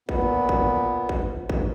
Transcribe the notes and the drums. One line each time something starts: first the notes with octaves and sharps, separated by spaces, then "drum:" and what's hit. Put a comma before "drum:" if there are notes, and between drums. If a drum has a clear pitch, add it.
A#2 B3, drum: kick G#1
drum: kick G#1
drum: kick G#1
drum: kick G#1